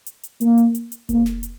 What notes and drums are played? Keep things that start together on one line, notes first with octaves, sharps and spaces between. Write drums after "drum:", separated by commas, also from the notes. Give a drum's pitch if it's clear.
drum: hi-hat
drum: hi-hat
A#3, drum: hi-hat
drum: hi-hat
drum: hi-hat
drum: hi-hat
A#3, drum: kick F1, hi-hat
drum: snare
drum: hi-hat